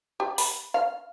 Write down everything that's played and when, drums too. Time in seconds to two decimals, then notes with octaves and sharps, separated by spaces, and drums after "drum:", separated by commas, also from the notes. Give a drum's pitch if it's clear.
0.20 G4
0.38 B5, drum: open hi-hat
0.74 F5